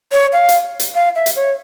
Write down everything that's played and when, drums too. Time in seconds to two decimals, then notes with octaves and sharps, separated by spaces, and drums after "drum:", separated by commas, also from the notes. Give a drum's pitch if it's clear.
0.12 C#5
0.33 F5
0.49 drum: hi-hat
0.79 drum: hi-hat
0.95 F5
1.16 E5
1.26 drum: hi-hat
1.36 C#5